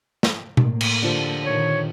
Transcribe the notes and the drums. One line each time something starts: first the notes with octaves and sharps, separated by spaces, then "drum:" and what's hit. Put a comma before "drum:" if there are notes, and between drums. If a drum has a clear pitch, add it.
drum: snare
A2 A#3, drum: tom B2
drum: cymbal
D3 F3 G4
A#2 D#3 C#5